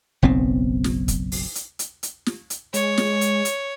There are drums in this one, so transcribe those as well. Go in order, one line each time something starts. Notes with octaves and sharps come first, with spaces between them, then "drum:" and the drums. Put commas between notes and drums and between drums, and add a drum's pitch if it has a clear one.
F#1 B1 B3 C4
drum: snare
drum: kick, hi-hat
drum: open hi-hat
drum: hi-hat
drum: hi-hat
drum: hi-hat
drum: snare
drum: hi-hat
G#3 C#5, drum: hi-hat
drum: snare
drum: hi-hat
drum: hi-hat